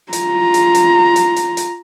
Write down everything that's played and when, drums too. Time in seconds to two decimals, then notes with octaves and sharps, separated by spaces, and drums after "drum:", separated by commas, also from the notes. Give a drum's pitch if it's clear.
0.13 F4 A#5, drum: hi-hat
0.54 drum: hi-hat
0.75 drum: hi-hat
1.16 drum: hi-hat
1.36 drum: hi-hat
1.57 drum: hi-hat